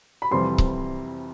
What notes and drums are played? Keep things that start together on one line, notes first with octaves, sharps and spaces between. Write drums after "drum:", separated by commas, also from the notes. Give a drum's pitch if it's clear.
B5
F2 C3 E3 G3 C4 C6
drum: kick C#1